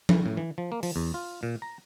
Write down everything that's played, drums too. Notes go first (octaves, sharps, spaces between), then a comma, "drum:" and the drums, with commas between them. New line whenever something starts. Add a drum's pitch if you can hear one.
E3, drum: tom F3
A2
E3
F3
A#3
F3, drum: open hi-hat
E2
F4
A#2
A#5